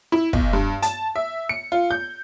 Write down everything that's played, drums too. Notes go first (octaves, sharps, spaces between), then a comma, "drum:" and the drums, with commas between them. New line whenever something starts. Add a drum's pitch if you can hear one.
E4
B1, drum: kick
G2
A5, drum: hi-hat
E5
C#7
F4
G6